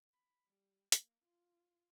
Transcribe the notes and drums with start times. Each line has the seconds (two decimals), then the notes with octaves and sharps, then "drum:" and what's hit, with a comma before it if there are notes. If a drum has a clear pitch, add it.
0.13 B5
0.47 G3
0.92 A#3, drum: hi-hat
1.24 F4